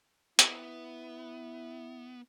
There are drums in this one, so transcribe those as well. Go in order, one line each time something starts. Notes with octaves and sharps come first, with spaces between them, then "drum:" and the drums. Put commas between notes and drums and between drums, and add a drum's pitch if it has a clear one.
B3 E4, drum: hi-hat